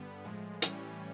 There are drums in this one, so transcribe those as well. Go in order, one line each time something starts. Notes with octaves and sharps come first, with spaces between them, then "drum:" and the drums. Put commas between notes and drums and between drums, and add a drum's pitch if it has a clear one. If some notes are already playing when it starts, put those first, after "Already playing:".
Already playing: G2 D3 G3 B3
A2 F3 G#3
A2 E3 G3 C#4, drum: hi-hat